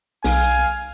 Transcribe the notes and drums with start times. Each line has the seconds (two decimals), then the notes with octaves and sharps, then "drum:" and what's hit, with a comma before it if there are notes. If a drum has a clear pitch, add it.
0.24 B1 F5 G#5, drum: open hi-hat